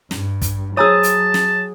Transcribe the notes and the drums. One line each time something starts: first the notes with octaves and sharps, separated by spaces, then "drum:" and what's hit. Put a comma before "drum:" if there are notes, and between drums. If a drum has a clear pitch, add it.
G2, drum: snare
drum: kick, hi-hat
F#3 G#4 C#5 A5 A#5 D#6 E6
drum: hi-hat
drum: snare